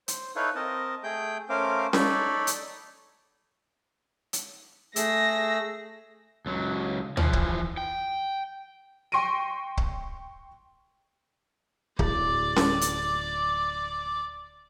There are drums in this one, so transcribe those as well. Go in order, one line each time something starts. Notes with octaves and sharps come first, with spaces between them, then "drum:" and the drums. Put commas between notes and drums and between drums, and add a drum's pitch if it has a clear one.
C5, drum: hi-hat
D#4 E4 A4 B4 C#5 F5
C4 A#4 D#5 A5
A3 G#4 G5 G6
A3 C#4 A#4 C5 F5 D6
D#4 A4 C#5 D5 B5, drum: snare C#4
drum: hi-hat
drum: hi-hat
A3 G#4 E6 A#6, drum: hi-hat
C#2 F#3
E3 F3, drum: tom
drum: kick C#1
G5
G5 C6 C#6 A#6 D7 D#7
drum: kick C#1
D1 D5 D6, drum: kick C#1
drum: snare C#4
drum: hi-hat